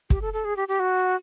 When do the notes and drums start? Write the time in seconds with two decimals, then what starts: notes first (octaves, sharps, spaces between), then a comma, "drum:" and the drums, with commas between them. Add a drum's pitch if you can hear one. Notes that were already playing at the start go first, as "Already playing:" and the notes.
0.10 G4, drum: kick
0.22 A4
0.33 A4
0.45 G#4
0.56 G4
0.68 G4
0.80 F#4